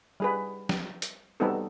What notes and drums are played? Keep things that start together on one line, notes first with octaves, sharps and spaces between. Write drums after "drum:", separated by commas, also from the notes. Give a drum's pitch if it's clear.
G3 G#4 B4
drum: snare
drum: hi-hat
G3 B3 C4 D#4 F#4 A4